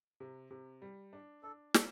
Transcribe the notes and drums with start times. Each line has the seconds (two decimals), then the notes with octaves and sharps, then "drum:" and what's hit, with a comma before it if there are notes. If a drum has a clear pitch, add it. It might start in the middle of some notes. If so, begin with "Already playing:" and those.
0.20 C3
0.51 C3
0.82 G3
1.13 D4
1.43 D4 A4
1.74 D4 A4, drum: snare